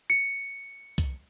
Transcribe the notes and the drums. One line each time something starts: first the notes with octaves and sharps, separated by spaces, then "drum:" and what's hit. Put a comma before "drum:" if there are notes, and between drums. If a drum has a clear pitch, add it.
C#7
drum: kick C2, hi-hat